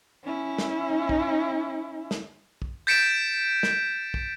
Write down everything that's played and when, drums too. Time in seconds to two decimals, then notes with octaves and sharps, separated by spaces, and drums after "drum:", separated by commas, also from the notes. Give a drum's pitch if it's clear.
0.24 C#4 E4
0.59 drum: snare
1.09 drum: kick
2.11 drum: snare
2.62 drum: kick
2.87 G6 A6 B6 C#7 D7 E7
3.63 drum: snare
4.14 drum: kick